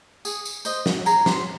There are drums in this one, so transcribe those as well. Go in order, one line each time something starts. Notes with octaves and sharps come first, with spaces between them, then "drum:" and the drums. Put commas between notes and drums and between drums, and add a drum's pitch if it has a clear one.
G#4, drum: tambourine
drum: tambourine
C5 D#5, drum: tambourine
drum: snare
G#4 A#5, drum: tambourine
C6, drum: snare